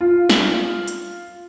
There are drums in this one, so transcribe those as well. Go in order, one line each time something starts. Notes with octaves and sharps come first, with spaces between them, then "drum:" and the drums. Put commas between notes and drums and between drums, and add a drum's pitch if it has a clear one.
F4
drum: snare
drum: hi-hat